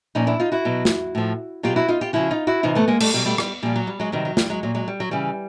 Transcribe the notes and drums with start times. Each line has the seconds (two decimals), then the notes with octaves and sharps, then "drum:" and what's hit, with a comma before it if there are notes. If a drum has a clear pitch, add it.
0.15 A#2 F3 C#4 D#4
0.27 D4 E4
0.40 D#4 F4
0.52 E4 F#4
0.65 B2 F#3
0.85 drum: snare
1.15 A2 F3
1.63 B2 F#3 F4 G4
1.76 E4 F#4
1.88 D#4 F4
2.01 F4 G4
2.13 C#3 F3 E4 F#4
2.31 D#4 F4
2.47 E4 F#4
2.63 C3 E3 D#4 F4
2.75 A3 B3
2.88 G#3 A#3
3.00 G3 A3, drum: cymbal
3.13 B2 F#3 G3
3.25 G3 A3
3.38 G3, drum: rim click
3.63 A#2 F3 G3
3.76 F#3
3.87 G3
4.00 F#3 G#3
4.12 C3 D#3 F#3 G3
4.25 F#3
4.37 G3, drum: snare
4.50 F#3 G#3
4.63 A#2 F#3
4.75 F#3 G#3
4.88 G3
5.00 F#3
5.11 C#3 E3 G3